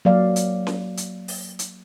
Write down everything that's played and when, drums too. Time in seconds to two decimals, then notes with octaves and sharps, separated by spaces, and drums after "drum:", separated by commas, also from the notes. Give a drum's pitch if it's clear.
0.05 F#3 A#3 D5 F5
0.36 drum: hi-hat
0.67 drum: snare C#4
0.97 drum: hi-hat
1.28 drum: open hi-hat
1.59 drum: hi-hat